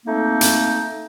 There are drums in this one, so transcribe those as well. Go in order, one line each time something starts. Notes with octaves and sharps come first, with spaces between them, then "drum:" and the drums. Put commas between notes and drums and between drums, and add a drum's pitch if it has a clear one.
A3 A#3 C4 D#4
drum: hi-hat